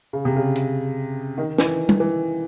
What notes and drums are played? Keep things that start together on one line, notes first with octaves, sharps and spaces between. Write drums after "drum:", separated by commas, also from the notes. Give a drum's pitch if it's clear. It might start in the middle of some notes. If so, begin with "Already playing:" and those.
C#3
C3
C#3
drum: hi-hat
D#3
E3, drum: snare
drum: tom G3
E3